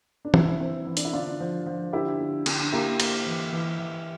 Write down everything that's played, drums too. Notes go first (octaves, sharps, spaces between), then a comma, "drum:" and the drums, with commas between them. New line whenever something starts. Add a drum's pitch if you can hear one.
D4
E3 E4, drum: tom
C4
E3
D4, drum: hi-hat
E4
D3 D4 F4
F3
F3
D3 E4 G4
D3
D3, drum: cymbal
A#3 E4 G4
A#3, drum: cymbal
E3
E3
E3